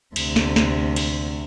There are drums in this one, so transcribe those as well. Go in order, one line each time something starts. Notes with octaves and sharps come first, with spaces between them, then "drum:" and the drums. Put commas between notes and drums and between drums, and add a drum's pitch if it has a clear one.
D2 C3, drum: cymbal
drum: snare
drum: snare
drum: cymbal